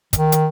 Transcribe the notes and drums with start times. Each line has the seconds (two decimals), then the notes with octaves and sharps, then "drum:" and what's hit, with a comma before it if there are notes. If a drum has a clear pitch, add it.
0.13 D#3, drum: kick, hi-hat
0.32 drum: hi-hat